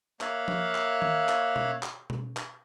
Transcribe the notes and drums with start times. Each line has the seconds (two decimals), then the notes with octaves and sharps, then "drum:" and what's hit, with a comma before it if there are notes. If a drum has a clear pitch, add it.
0.21 A#3 C#5 E5 F5 F#6, drum: clap
0.48 drum: tom F3
0.75 drum: clap
1.02 drum: tom D#3
1.29 drum: clap
1.56 drum: tom B2
1.83 drum: clap
2.10 drum: tom B2
2.37 drum: clap